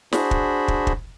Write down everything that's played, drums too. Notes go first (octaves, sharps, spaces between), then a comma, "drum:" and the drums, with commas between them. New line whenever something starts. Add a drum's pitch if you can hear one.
D4 F#4 G#4 C5 B5, drum: snare
drum: kick
drum: kick
drum: kick